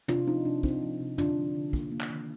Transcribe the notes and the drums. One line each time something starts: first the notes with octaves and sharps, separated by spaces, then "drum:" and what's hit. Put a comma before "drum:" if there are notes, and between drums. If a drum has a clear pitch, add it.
C3 D4 F4, drum: tom
F3 C4 D#4
C3 D4
C3 C4 D#4, drum: kick
F3
C3
D3 D4 F4, drum: tom
F3
D3
A#3, drum: kick
A#3
drum: clap
D#3